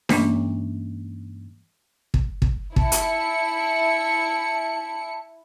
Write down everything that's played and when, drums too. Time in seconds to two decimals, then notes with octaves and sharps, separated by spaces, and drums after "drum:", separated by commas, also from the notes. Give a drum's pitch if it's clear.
0.09 G2 E3 G#3 A#3 C#4 D4, drum: snare D4
2.14 drum: kick
2.42 drum: kick
2.76 E4 A5 C#7, drum: kick
2.92 drum: hi-hat